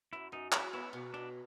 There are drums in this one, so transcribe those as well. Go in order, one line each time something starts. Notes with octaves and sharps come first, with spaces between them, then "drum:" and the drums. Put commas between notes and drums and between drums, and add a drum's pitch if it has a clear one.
F#2 E4
F#2 D#4
F#3 E4, drum: clap
B3 E4
B2
B2 D4